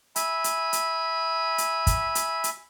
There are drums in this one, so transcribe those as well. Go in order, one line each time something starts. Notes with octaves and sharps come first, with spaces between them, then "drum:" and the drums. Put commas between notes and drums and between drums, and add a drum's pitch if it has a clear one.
E5 G#5 B5, drum: hi-hat
drum: hi-hat
drum: hi-hat
drum: hi-hat
drum: kick, hi-hat
drum: hi-hat
drum: hi-hat